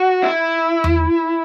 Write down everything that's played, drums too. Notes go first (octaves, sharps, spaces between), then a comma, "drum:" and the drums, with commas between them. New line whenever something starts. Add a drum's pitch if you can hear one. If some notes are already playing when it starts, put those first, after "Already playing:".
Already playing: F#4
E4
drum: tom E2